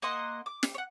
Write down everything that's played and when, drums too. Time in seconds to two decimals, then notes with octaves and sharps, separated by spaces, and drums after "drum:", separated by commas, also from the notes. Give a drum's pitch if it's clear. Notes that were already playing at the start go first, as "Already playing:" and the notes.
0.02 A#3 D#5 F#5 C6
0.46 D6
0.63 drum: snare
0.74 C#5 F#5